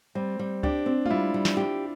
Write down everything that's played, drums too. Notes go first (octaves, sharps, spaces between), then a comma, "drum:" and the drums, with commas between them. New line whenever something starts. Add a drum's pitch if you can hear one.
G3 C4
G3
D4 G4, drum: kick C#2
C4
F4, drum: tom G#3
G3 E4
G3
drum: snare
G4